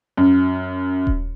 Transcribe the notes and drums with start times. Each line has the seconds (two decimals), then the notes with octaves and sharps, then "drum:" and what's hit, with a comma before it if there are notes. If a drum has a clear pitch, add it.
0.17 F#2
1.07 drum: kick D#1